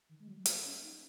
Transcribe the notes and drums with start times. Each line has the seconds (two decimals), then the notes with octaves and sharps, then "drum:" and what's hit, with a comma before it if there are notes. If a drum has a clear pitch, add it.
0.09 D#3
0.20 G#3
0.28 F#3
0.46 A#3, drum: hi-hat
0.64 C#4
0.82 D#4